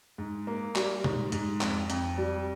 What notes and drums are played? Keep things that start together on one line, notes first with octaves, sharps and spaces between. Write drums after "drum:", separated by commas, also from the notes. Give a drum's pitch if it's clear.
G#2
A#3
G3, drum: clap
G#2, drum: tom B2
G#2, drum: hi-hat
F2, drum: clap
F2, drum: hi-hat
G3